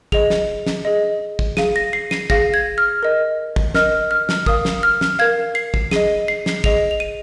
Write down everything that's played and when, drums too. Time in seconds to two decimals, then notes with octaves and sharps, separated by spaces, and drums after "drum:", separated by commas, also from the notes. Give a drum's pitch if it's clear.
0.12 G#4 D#5 F7, drum: kick
0.30 drum: snare
0.67 drum: snare
0.85 G#4 D#5
1.39 drum: kick
1.57 G#4 F5 D#7, drum: snare
1.76 A#6
1.93 C7
2.11 D#7, drum: snare
2.30 G#4 F5 A#6, drum: kick
2.54 G#6
2.78 F6
3.03 A#4 D#5
3.56 drum: kick
3.75 A#4 D#5 F6, drum: snare
4.11 F6
4.29 drum: snare
4.46 A#4 F5 D#6, drum: kick
4.65 drum: snare
4.83 F6
5.01 drum: snare
5.19 A#4 F5 G#6
5.55 C7
5.74 drum: kick
5.91 G#4 D#5 D#7, drum: snare
6.28 C7
6.46 drum: snare
6.64 G#4 D#5 F7, drum: kick
6.91 F7
7.00 D#7